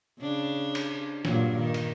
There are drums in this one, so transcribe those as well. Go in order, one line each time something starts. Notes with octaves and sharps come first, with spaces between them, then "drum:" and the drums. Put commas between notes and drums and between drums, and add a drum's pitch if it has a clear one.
C#3 D4
drum: cymbal
G2 A#2 F#3, drum: snare
D#3
drum: cymbal